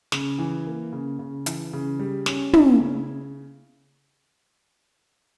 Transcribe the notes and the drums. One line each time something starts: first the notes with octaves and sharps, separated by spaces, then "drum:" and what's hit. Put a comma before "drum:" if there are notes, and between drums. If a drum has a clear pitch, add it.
C#3, drum: snare
E3
A#3
C#3
C#3
E3, drum: hi-hat
C#3
G3
C#4, drum: snare
E4, drum: tom
C#3